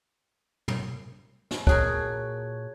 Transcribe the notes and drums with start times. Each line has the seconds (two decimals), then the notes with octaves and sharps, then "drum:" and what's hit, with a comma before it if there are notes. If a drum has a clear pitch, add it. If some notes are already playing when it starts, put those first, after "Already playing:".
0.68 drum: tom
1.51 drum: snare
1.67 A#2 F#4 G#4 A#4 C#5 A5 F#6, drum: kick